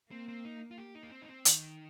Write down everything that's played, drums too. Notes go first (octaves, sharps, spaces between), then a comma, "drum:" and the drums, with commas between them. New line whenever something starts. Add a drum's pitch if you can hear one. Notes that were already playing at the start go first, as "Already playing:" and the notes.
A#3 C4
C4
D#4
F4
G4
D#4
A#3
C4
D#4
C4
D#3, drum: hi-hat